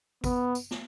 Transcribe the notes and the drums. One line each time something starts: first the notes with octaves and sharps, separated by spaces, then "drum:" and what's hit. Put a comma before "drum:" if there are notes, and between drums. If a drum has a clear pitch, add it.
B3, drum: kick, tambourine
drum: tambourine
drum: snare